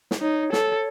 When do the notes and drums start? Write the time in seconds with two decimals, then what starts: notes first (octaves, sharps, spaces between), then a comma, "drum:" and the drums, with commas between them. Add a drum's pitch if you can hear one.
0.11 drum: snare
0.21 D#4 C#5
0.53 A4, drum: snare